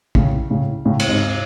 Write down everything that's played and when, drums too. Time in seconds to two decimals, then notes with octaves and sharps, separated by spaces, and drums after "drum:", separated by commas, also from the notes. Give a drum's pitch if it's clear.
0.15 A2 C#3, drum: kick
0.50 A2 C#3
0.85 A2 C#3
1.00 drum: cymbal
1.09 G#2 C3